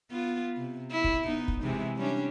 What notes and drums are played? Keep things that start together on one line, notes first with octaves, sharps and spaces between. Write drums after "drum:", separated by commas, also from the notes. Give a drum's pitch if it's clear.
B3 F4
C3
E4
drum: kick
B3 D#4
drum: kick
C3 E3 G#3
G3 C#4 D4